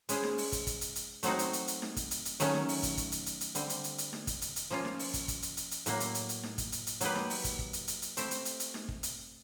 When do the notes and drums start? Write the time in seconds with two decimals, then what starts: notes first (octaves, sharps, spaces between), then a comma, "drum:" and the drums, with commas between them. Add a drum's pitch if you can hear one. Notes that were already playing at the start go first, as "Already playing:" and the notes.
0.09 G#3 C#4 E4 G#4 C5, drum: hi-hat
0.23 drum: snare D#4
0.38 drum: open hi-hat
0.52 drum: kick, hi-hat
0.67 drum: kick, hi-hat
0.81 drum: hi-hat
0.96 drum: hi-hat
1.23 F#3 A3 C4 D#4 F#4, drum: hi-hat
1.39 drum: hi-hat
1.53 drum: hi-hat
1.68 drum: hi-hat
1.82 drum: snare D#4
1.96 drum: kick, hi-hat
2.11 drum: hi-hat
2.25 drum: hi-hat
2.40 D#3 F#3 A3 C#4, drum: hi-hat
2.54 drum: snare D#4
2.69 drum: open hi-hat
2.83 drum: kick, hi-hat
2.97 drum: kick, hi-hat
3.12 drum: hi-hat
3.26 drum: hi-hat
3.41 drum: hi-hat
3.55 D3 G3 C4, drum: hi-hat
3.70 drum: hi-hat
3.84 drum: hi-hat
3.98 drum: hi-hat
4.13 drum: snare D#4
4.27 drum: kick, hi-hat
4.42 drum: hi-hat
4.56 drum: hi-hat
4.71 F3 A#3 C#4 F4
4.85 drum: snare D#4
4.99 drum: open hi-hat
5.14 drum: kick, hi-hat
5.28 drum: kick, hi-hat
5.43 drum: hi-hat
5.57 drum: hi-hat
5.71 drum: hi-hat
5.86 A2 F#3 A#3, drum: hi-hat
6.00 drum: hi-hat
6.15 drum: hi-hat
6.29 drum: hi-hat
6.43 drum: snare D#4
6.58 drum: kick, hi-hat
6.72 drum: hi-hat
6.87 drum: hi-hat
7.01 F#3 A#3 D#4 G4 B4, drum: hi-hat
7.16 drum: snare D#4
7.30 drum: open hi-hat
7.44 drum: kick, hi-hat
7.59 drum: kick
7.73 drum: hi-hat
7.88 drum: hi-hat
8.02 drum: hi-hat
8.17 A3 C4 E4 G4, drum: hi-hat
8.31 drum: hi-hat
8.45 drum: hi-hat
8.60 drum: hi-hat
8.74 drum: snare D#4
8.89 drum: kick
9.03 drum: hi-hat